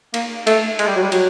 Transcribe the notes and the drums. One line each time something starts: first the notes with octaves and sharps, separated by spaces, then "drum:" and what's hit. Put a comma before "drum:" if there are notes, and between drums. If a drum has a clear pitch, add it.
A#3, drum: cymbal
A3, drum: cymbal
G#3, drum: cymbal
G3
F#3
G3
F#3, drum: cymbal